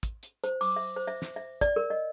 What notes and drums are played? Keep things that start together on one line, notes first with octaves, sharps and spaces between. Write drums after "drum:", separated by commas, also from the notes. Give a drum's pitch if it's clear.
drum: kick, hi-hat
drum: hi-hat
C5, drum: hi-hat
D6, drum: open hi-hat
E5
C5
E5
drum: snare
E5
D5, drum: kick, hi-hat
A#4
D#5